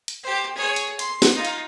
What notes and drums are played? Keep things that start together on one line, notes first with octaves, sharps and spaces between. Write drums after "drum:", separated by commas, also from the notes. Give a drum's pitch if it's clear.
drum: hi-hat
G4 C5
G#4 C#5
drum: hi-hat
C6, drum: hi-hat
drum: snare
D#4 F4
drum: hi-hat